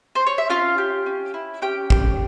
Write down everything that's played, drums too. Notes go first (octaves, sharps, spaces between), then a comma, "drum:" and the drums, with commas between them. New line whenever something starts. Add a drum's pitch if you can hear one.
C5
C#5
E5
C#4 F4 F5
G4
C#4
E4
C#4 G4 G5
G4, drum: kick